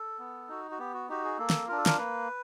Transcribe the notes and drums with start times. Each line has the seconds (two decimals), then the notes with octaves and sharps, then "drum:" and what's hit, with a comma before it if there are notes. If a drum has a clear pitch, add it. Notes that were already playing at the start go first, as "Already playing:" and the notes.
Already playing: A4
0.19 B3
0.49 D#4 F#4
0.71 F#4
0.79 B3 G4
0.94 F#4
1.09 D#4 F#4 G4
1.24 G#4
1.38 A#3 A4
1.50 drum: snare
1.68 D4 F4 A#4
1.78 A4
1.86 A#4, drum: snare
1.98 A#3 B4